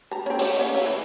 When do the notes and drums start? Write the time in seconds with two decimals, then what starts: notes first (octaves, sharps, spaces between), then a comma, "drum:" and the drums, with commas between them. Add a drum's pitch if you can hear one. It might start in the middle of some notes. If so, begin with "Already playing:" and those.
0.11 A5 A#5
0.26 C4 C#4
0.39 C#5 D5, drum: open hi-hat
0.59 C#4 F5
0.74 C#5 E5
0.86 E3